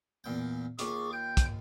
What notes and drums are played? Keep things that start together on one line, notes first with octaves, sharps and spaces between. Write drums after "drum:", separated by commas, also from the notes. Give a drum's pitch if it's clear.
E2 A#2 G5
D#2 F4 G#4 C#6 D6, drum: hi-hat
G5 G6
drum: kick, hi-hat